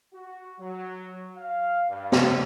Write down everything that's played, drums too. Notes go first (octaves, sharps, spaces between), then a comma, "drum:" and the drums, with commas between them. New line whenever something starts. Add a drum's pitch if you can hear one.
F#4
F#3
F5
G2
drum: snare